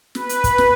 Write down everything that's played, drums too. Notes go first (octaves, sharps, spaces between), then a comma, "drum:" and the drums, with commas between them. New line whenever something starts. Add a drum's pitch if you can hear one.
B4, drum: snare
drum: hi-hat
drum: kick, hi-hat
drum: snare